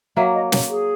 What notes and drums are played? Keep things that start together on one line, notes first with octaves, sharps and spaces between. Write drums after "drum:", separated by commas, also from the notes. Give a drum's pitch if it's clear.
F#3 A#3 E5
D#5
C#5, drum: snare
G#4